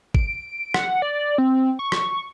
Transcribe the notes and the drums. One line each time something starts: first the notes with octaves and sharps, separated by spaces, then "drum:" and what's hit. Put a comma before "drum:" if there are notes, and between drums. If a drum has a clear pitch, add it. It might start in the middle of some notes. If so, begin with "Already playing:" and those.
D7, drum: kick G#1
F#5, drum: rim click
D5
C4
C#6
drum: rim click